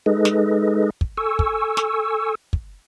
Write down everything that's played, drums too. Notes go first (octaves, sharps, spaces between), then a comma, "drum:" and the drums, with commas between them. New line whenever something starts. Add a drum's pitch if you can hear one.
G#3 D#4 G#4 A4 B4 D#5
drum: snare
drum: kick
A4 G#5 C#6 E6
drum: kick
drum: snare
drum: kick